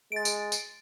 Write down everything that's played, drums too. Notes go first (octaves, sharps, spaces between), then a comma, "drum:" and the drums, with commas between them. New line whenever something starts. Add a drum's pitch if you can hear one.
G#3 A6 D7
drum: tambourine
drum: tambourine